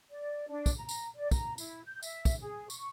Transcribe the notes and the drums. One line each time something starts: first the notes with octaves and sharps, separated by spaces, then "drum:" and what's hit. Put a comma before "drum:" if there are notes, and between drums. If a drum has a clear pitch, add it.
D5
D4
drum: kick, tambourine
A#5
drum: tambourine
D5
A#5, drum: kick, tambourine
E4, drum: tambourine
G6
E5, drum: tambourine
drum: kick, tambourine
G#4
C#6, drum: tambourine